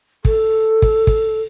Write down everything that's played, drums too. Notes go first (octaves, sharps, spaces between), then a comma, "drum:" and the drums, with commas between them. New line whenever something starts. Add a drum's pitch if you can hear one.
A4, drum: kick
drum: kick
drum: kick